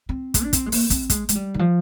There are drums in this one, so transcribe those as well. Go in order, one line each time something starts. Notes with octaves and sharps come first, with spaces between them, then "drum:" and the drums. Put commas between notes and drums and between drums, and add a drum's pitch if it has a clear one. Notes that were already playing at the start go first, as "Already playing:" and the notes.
C4
G#3, drum: kick, hi-hat
D4
C4, drum: kick, hi-hat
G#3
A#3, drum: open hi-hat
C4, drum: kick, hi-hat
G#3, drum: kick, hi-hat
G#3, drum: hi-hat
G3
D#3
F3